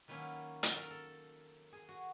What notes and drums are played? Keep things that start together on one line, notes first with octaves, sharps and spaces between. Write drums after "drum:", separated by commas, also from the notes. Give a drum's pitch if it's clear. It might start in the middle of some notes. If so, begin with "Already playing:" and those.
D#3 F#3 A#3 C#4 E4 B4
A4, drum: hi-hat
A#4
A4
G#4
F#4